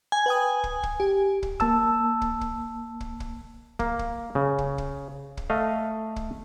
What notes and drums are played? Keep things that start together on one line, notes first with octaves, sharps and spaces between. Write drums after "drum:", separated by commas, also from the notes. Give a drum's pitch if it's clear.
G#5
B4 G5 D#6
drum: kick
drum: kick
G4
drum: kick
A#3 A5 E6, drum: kick
drum: kick
drum: kick
drum: kick
drum: kick
A#3, drum: kick
drum: kick
C#3
drum: kick
drum: kick
drum: kick
A3 D#5 F5
drum: kick